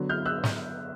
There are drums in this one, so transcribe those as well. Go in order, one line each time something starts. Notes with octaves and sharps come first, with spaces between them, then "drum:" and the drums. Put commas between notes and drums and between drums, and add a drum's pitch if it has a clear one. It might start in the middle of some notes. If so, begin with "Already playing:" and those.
Already playing: D3 F#3 B3
F6 G6
E6 F#6
drum: snare